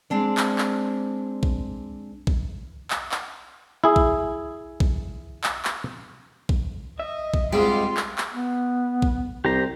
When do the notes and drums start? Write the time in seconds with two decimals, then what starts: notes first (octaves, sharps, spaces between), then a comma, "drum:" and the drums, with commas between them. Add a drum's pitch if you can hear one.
0.10 G#3 C4 D4 D5
0.37 drum: clap
0.58 drum: clap
1.43 drum: kick B1
2.27 drum: kick B1
2.90 drum: clap
3.12 drum: clap
3.84 E4 G#4
3.96 drum: kick B1
4.80 drum: kick B1
5.44 drum: clap
5.65 drum: clap
6.49 drum: kick B1
7.00 D#5 E5
7.34 drum: kick B1
7.52 G#2 G3 G#3 C4 D4 F4 G4
7.97 drum: clap
8.18 drum: clap
8.33 B3
9.02 drum: kick B1
9.45 C2 G4 C5 A#5